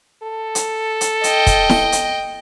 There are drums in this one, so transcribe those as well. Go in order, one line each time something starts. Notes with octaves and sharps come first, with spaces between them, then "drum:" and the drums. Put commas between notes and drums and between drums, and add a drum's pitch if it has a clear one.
A4
drum: hi-hat
drum: hi-hat
D#5 G5, drum: hi-hat
drum: kick, hi-hat
drum: snare E4
drum: hi-hat